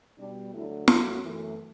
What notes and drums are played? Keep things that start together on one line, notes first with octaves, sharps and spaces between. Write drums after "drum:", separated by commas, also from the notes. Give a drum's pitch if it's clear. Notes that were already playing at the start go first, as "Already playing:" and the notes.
B2 G3 D4
D2 D3 F#3 A3 E4
F#2 F#3 A3 F#4, drum: snare
F#2 E3 A3